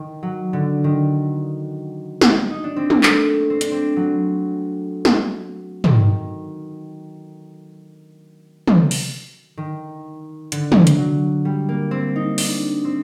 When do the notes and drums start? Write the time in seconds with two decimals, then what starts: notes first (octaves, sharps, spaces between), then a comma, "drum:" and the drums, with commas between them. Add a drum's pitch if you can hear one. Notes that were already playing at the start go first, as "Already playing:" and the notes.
Already playing: D#3
0.23 F#3
0.53 D3
0.84 D#3
2.21 drum: snare
2.50 D#4
2.64 D4
2.76 C4
2.90 A#3, drum: tom
3.03 A3, drum: clap
3.50 C4
3.61 D4, drum: hi-hat
3.71 C4
3.96 F#3
5.05 drum: snare
5.84 D#3, drum: tom
8.68 drum: tom
8.91 drum: open hi-hat
9.57 D#3
10.52 D3, drum: hi-hat
10.72 drum: tom
10.87 drum: hi-hat
10.98 F#3
11.45 G3
11.69 A#3
11.91 C4
12.16 D#4
12.38 D4, drum: open hi-hat
12.85 C4